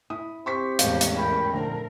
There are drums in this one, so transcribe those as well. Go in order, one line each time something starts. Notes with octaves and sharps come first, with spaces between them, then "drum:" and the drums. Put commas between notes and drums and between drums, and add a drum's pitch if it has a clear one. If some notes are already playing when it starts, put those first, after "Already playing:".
E4 D#6
C4 G4 C5 C6 C#6 B6
E2 A2 D#3 G3 G#3 C#4 A4 F5, drum: hi-hat
drum: hi-hat
A#4 G5 B5
A#2 D3 F3 A3 C4 A#4